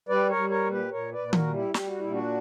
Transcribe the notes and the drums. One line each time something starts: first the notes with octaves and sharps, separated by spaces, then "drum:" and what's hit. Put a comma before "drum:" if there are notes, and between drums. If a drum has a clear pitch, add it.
G3 B4 D5
A#4 C#5
G3
A#4 C#5
A#2
G4 B4
A#2 A#4 C#5
B4 D5
A#2
B4
F#4 A#4, drum: tom D#3
G3
E4 G4
G3 G4, drum: snare
F#4
A#2 E4
D4 F#4